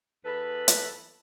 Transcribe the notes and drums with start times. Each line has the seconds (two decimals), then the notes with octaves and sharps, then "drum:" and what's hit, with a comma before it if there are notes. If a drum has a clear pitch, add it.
0.24 E2 A4 B4
0.68 drum: hi-hat